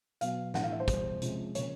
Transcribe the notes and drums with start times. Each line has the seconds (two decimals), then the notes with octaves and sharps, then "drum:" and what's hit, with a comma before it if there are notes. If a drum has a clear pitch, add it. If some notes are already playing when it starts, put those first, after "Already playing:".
0.21 B2 F#3 B3 F5, drum: hi-hat
0.54 A2 E3 A3 D4 F#5, drum: snare
0.63 F5
0.72 E5
0.80 C5
0.88 E2 B2 G3, drum: kick, hi-hat
1.22 C3 F3 G#3 C#4, drum: hi-hat
1.55 C#3 F3 A#3 C#5, drum: hi-hat